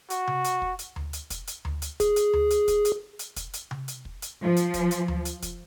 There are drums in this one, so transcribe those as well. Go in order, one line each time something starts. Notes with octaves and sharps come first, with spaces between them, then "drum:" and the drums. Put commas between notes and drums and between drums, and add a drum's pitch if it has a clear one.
F#4, drum: hi-hat
drum: tom C3
drum: hi-hat
drum: kick
drum: hi-hat
drum: tom D2
drum: hi-hat
drum: kick, hi-hat
drum: hi-hat
drum: tom D2
drum: hi-hat
G#4, drum: kick, hi-hat
drum: hi-hat
drum: tom D2
drum: hi-hat
drum: kick, hi-hat
drum: hi-hat
drum: hi-hat
drum: kick, hi-hat
drum: hi-hat
drum: tom C3
drum: hi-hat
drum: kick
drum: hi-hat
F3
drum: hi-hat
drum: kick, hi-hat
drum: hi-hat
drum: tom D2
drum: hi-hat
drum: kick, hi-hat